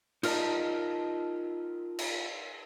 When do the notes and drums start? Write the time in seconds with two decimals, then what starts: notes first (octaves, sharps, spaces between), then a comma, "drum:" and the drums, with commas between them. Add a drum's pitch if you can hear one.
0.23 D#4 F4 A#4 D5 D#5 A5, drum: cymbal
1.99 drum: cymbal